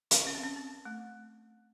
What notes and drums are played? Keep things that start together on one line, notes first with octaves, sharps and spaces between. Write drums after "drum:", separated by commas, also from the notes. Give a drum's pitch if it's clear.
drum: hi-hat
C#4
C4
C#4
C4
A3